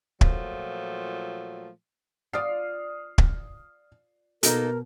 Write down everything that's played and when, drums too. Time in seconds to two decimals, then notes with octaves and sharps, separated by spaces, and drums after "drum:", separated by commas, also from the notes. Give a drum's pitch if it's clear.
0.21 A#2 F3 F#3 A3, drum: kick
2.33 F4 D5 D#6 F6 C7
3.18 drum: kick
4.43 B2 A#3 D#4 A4 A#4, drum: hi-hat